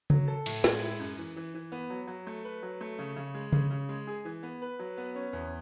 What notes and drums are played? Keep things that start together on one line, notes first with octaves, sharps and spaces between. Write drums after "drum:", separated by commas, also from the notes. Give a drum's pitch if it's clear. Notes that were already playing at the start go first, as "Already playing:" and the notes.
F#3, drum: tom C#3
A4
A2, drum: cymbal
G#3, drum: snare
E4
F#2
E3
E3
E3
B3
F#3
F#3
A3
B4
F#3
A3
C#3
C#3
G#3
C#3, drum: tom C#3
C#3
G#3
G#4
E3
B3
B4
F#3
B3
C#4
E2